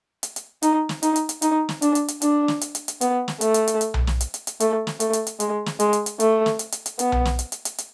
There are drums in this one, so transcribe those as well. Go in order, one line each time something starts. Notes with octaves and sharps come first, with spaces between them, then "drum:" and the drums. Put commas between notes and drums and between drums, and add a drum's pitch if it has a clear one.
drum: hi-hat
drum: hi-hat
D#4, drum: hi-hat
drum: snare
D#4, drum: hi-hat
drum: hi-hat
drum: hi-hat
D#4, drum: hi-hat
drum: snare
D4, drum: hi-hat
drum: hi-hat
drum: hi-hat
D4, drum: hi-hat
drum: snare
drum: hi-hat
drum: hi-hat
drum: hi-hat
B3, drum: hi-hat
drum: snare
A3, drum: hi-hat
drum: hi-hat
drum: hi-hat
drum: hi-hat
drum: tom B1
drum: snare
drum: hi-hat
drum: hi-hat
drum: hi-hat
A3, drum: hi-hat
drum: snare
A3, drum: hi-hat
drum: hi-hat
drum: hi-hat
G#3, drum: hi-hat
drum: snare
G#3, drum: hi-hat
drum: hi-hat
drum: hi-hat
A3, drum: hi-hat
drum: snare
drum: hi-hat
drum: hi-hat
drum: hi-hat
B3, drum: hi-hat
drum: tom B1
drum: snare
drum: hi-hat
drum: hi-hat
drum: hi-hat
drum: hi-hat